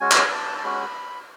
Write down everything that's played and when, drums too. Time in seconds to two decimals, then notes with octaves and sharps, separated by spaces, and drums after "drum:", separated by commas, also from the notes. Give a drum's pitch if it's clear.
0.01 G#3 C#4 F#4 G#5
0.11 drum: clap
0.32 A5
0.58 A5
0.63 G#3 C#4 F#4 B5